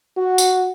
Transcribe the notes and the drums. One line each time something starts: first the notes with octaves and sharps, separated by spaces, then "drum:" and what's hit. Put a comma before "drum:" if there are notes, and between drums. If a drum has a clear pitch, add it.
F#4
drum: tambourine